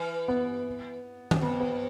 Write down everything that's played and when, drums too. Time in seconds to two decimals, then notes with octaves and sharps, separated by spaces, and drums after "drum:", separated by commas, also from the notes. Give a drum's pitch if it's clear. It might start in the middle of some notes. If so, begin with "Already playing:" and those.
Already playing: E3
0.28 B3
1.31 drum: tom D#3
1.41 F2 B3
1.60 B3